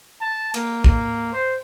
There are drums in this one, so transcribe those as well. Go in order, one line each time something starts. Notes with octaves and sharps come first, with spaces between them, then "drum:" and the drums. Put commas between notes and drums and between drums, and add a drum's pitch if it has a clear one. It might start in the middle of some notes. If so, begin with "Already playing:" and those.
A5
A#3, drum: cymbal
A#3, drum: kick
C5